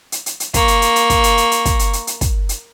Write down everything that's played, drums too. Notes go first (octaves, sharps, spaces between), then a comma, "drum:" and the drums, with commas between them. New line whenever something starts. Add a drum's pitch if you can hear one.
drum: hi-hat
drum: hi-hat
drum: hi-hat
A#3 C#6, drum: kick, hi-hat
drum: hi-hat
drum: hi-hat
drum: hi-hat
drum: kick, hi-hat
drum: hi-hat
drum: hi-hat
drum: hi-hat
drum: kick, hi-hat
drum: hi-hat
drum: hi-hat
drum: hi-hat
drum: kick, hi-hat
drum: hi-hat